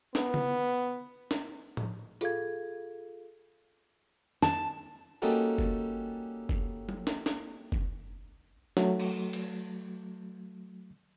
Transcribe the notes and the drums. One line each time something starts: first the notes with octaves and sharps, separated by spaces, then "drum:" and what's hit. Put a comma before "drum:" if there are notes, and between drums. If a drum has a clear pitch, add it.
B3, drum: snare
drum: tom C#3
drum: snare
drum: tom A2
F4 G#4 A4 F5 G#6, drum: hi-hat
A5, drum: snare
G3 A#3 C#4 D#4 F#4 A4, drum: open hi-hat
drum: kick F#1
drum: kick F#1
drum: tom F#3
drum: snare
drum: snare
drum: kick F#1
F#3 A3, drum: snare
drum: cymbal
drum: cymbal